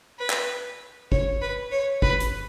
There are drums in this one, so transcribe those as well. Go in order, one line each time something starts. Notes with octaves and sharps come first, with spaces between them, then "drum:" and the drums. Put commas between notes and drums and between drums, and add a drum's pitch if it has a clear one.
B4
drum: clap
C#5, drum: kick
B4
C#5
B4, drum: kick
drum: hi-hat